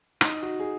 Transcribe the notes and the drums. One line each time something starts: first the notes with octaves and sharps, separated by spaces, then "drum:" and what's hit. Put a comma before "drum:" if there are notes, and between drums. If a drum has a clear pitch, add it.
D#4, drum: rim click
F#4
G#4